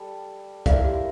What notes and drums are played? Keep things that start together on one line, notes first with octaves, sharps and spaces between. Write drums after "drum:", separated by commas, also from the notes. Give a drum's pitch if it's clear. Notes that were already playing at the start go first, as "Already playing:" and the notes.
Already playing: G3 A4
A#3 E4 A#4 D5 E5 F5, drum: kick, hi-hat
G4